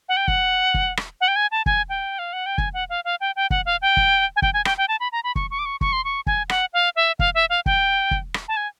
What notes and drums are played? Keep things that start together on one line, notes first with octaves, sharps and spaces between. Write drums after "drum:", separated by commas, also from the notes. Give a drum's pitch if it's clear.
F#5
G5
F#5, drum: kick
drum: kick
drum: rim click
F#5
G5
G#5
A5
G#5, drum: kick
G5
F5
F#5
G5
G#5, drum: kick
F#5
F5
F5
G5
G5
F#5, drum: kick
F5
G5
drum: kick
G#5
G5, drum: kick
G#5
G5, drum: rim click
G5
A5
B5
A#5
B5
C#6, drum: kick
C#6
D6
C#6
C#6, drum: kick
C6
C#6
G#5, drum: kick
F#5, drum: rim click
F5
E5
F5, drum: kick
E5
F5
G5, drum: kick
drum: kick
drum: rim click
A5
G#5